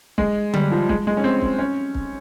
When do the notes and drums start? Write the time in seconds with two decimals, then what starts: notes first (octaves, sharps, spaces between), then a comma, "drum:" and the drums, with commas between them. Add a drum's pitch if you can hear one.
0.18 G#3, drum: kick
0.54 G3, drum: tom D3
0.71 F3
0.89 G#3, drum: kick
1.07 G#3
1.17 C#4
1.24 C4
1.42 drum: kick
1.59 C#4
1.95 drum: kick